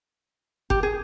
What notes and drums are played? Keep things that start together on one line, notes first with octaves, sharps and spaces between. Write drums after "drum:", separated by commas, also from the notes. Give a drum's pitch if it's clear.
G4, drum: kick F#1
G#4